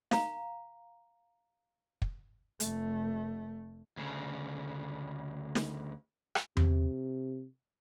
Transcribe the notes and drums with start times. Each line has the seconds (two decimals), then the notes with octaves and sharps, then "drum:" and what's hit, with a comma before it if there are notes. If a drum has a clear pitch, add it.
0.11 F5 A#5, drum: snare
2.02 drum: kick
2.60 F1 A3, drum: hi-hat
3.97 D2 C#3
5.55 drum: snare
6.35 drum: rim click
6.57 C3, drum: tom E2